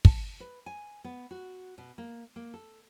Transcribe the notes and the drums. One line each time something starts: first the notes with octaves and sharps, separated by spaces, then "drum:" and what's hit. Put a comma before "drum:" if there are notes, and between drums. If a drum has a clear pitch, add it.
A5, drum: kick
B4
G#5
B3
F#4
B2
A#3
A#3
A4